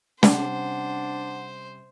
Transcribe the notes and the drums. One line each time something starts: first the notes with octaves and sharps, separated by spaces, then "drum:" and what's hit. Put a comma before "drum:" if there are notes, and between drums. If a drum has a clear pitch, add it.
C3 G3 C#4 D4 C5 F#5, drum: snare